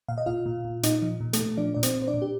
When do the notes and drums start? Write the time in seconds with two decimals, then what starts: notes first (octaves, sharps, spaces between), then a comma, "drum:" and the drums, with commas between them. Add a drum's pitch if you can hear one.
0.09 A#2 F5
0.18 D#5
0.26 A#2 F4 F5
0.46 A#2
0.65 A#2
0.83 A#2 D#4 D#5, drum: hi-hat
1.02 F3
1.21 A#2
1.33 A3 A4, drum: hi-hat
1.39 A#2
1.57 F3 D4 D5
1.74 A#2 D5
1.83 C4 C5, drum: hi-hat
1.95 A#2
2.02 C5
2.08 D4 D5
2.14 A#2
2.22 G4